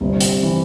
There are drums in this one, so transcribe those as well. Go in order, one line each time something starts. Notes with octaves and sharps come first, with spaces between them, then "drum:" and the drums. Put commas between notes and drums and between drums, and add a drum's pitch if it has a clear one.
G1 C3
drum: hi-hat
E3